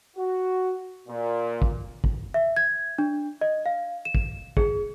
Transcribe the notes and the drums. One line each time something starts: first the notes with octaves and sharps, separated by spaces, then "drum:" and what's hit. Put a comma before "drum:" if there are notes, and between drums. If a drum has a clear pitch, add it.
F#4
A#2
drum: kick
drum: kick
E5
G#6
D4
D#5
F5
E7
drum: kick
G#4, drum: kick